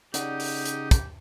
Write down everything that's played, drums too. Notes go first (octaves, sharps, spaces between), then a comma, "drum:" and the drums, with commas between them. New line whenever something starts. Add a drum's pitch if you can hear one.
C#3 D#4 G4 D5 F#5, drum: hi-hat
drum: open hi-hat
drum: hi-hat
drum: kick, hi-hat